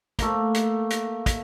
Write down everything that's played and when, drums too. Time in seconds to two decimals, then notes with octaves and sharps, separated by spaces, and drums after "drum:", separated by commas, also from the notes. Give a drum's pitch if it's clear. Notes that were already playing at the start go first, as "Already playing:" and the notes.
0.19 A3 A#3, drum: kick, hi-hat
0.54 drum: hi-hat
0.90 drum: hi-hat
1.26 drum: kick, hi-hat